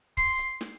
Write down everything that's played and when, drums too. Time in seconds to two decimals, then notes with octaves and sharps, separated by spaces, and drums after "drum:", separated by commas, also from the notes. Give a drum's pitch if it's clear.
0.17 C6, drum: kick C#1
0.39 drum: hi-hat
0.61 drum: snare